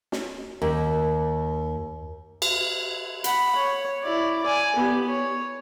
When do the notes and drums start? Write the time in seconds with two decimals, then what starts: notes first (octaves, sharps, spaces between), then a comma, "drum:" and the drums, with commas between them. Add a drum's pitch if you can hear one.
0.12 drum: snare
0.62 D#2
2.42 drum: cymbal
3.24 F#5 B5, drum: hi-hat
3.55 C#5
4.03 E4 D5
4.43 D5 G#5
4.76 B3 G4
5.09 C#5